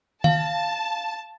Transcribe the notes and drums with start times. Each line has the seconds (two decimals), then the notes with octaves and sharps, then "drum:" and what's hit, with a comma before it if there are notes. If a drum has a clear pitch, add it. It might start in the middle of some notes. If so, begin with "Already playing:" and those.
0.24 F5 A5, drum: tom D#3